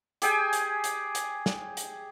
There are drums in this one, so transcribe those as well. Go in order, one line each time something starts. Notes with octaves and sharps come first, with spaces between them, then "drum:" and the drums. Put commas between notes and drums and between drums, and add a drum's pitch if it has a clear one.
G4 G#4 G5 G#5, drum: hi-hat
drum: hi-hat
drum: hi-hat
drum: hi-hat
drum: snare
drum: hi-hat